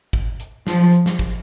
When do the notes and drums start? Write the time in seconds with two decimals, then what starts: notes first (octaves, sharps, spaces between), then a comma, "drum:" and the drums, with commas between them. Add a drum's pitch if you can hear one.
0.13 drum: kick
0.40 drum: hi-hat
0.67 F3, drum: snare
0.93 drum: hi-hat
1.06 drum: snare
1.19 drum: kick, hi-hat